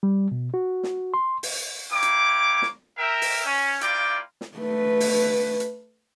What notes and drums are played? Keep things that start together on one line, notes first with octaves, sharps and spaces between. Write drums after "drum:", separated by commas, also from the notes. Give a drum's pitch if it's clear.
G3
B2
F#4
drum: snare
C6
drum: open hi-hat
A#3 E4 C#5 G5 D6
drum: hi-hat
drum: snare
A#4 E5 G5
drum: open hi-hat
C#4
A#3 E4 F4 D5 G5 D6, drum: hi-hat
drum: snare
A3 B4
drum: open hi-hat
drum: hi-hat